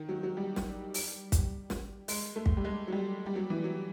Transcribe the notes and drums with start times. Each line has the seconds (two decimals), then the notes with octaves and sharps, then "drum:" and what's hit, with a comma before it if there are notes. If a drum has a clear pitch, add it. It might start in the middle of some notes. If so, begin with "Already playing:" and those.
Already playing: D#3
0.09 F#3
0.23 F#3
0.37 G3
0.56 drum: snare
0.94 drum: open hi-hat
1.32 drum: kick, hi-hat
1.70 drum: snare
2.08 G#3, drum: open hi-hat
2.36 A3
2.46 drum: kick
2.57 G3
2.65 G#3
2.88 F#3
2.92 G3
3.26 G3
3.36 F#3
3.50 E3
3.64 F#3